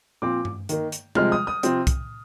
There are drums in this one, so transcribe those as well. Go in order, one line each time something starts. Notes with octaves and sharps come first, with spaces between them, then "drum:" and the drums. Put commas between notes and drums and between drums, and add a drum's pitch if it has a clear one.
A#2 F3 C4 D6
drum: tom G2
D#3 A#3, drum: hi-hat
drum: hi-hat
C3 F3 G#3 F6, drum: tom G3
D#6
D#6
C3 F3 C4, drum: hi-hat
drum: kick C2, hi-hat